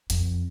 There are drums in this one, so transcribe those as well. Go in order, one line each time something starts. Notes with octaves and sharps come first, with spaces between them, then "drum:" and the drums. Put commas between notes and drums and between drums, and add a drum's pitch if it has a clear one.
F2, drum: hi-hat